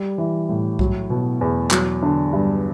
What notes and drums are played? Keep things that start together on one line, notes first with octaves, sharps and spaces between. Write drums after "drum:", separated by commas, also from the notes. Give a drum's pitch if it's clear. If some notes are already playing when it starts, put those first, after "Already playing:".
Already playing: G3
E3
A2
F#3, drum: kick B1
B2
E2
F#3, drum: clap
D3
G2